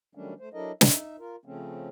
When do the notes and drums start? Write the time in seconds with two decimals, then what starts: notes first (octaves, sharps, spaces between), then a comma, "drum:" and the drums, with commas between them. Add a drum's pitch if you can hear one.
0.15 D#3 F#3 G3 A3 C#4 D4
0.40 A3 C5
0.54 F#3 D4 E4 A4 A#4 D#5
0.81 D#4 E5, drum: snare
1.19 F4 A#4
1.45 C#3 F3 A3 C4 C#4